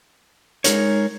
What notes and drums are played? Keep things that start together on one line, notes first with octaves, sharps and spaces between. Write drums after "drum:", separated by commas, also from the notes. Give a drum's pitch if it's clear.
G#3 D#4 A#4 C#5, drum: hi-hat